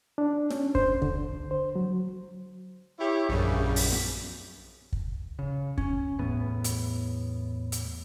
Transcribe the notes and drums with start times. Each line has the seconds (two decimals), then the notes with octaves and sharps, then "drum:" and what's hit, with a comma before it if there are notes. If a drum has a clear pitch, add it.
0.18 D4
0.51 C#4, drum: snare
0.75 C5, drum: kick
1.02 D3, drum: kick
1.51 C5
1.76 F#3
3.00 E4 G4 C#5
3.29 A#1 F#2 C#3 G3
3.76 drum: open hi-hat
3.92 drum: snare
4.93 drum: kick
5.39 C#3
5.78 C#4, drum: kick
6.19 E2 A2 B3
6.64 drum: hi-hat
7.72 drum: hi-hat